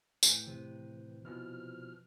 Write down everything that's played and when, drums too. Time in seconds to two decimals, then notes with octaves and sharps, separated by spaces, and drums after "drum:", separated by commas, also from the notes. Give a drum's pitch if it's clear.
0.23 A2 B4 G5 G#5, drum: tambourine
0.47 C3 E3 B4
1.25 B2 E3 F3 F6